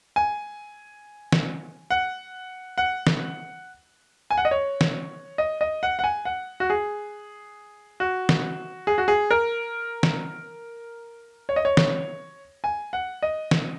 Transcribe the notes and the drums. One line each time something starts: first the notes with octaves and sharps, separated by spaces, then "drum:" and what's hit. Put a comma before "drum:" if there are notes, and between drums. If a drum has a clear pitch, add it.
G#5
drum: snare
F#5
F#5
drum: snare
G#5
F#5
D#5
C#5
drum: snare
D#5
D#5
F#5
F#5
G#5
F#5
F#4
G#4
F#4
drum: snare
G#4
F#4
G#4
A#4
drum: snare
C#5
D#5
C#5
drum: snare
G#5
F#5
D#5
drum: snare